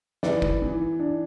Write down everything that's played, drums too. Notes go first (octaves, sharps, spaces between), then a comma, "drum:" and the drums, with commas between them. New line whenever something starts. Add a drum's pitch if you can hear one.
E3 B4 D5, drum: snare
drum: kick
E3
D4